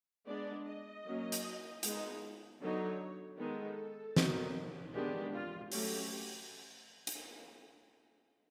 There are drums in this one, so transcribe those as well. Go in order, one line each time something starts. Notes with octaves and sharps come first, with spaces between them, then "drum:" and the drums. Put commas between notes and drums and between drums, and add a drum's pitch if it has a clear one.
G#3 B3 D4 D5
D#5
F#3 A#3 C#4
drum: hi-hat
G#3 B3 D#4, drum: hi-hat
D3 F#3 B3 D#4 C#5
D#3 G#3 B3 D#4 A4
D#3 F#3 B3 D#4, drum: snare
D#3 G#3 B3 D4 G4
F4
F#3 A3 C#4 G4, drum: open hi-hat
drum: hi-hat